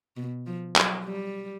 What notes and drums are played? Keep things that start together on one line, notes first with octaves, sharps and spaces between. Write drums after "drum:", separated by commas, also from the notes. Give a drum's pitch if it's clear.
B2
F3
F#3, drum: clap
G3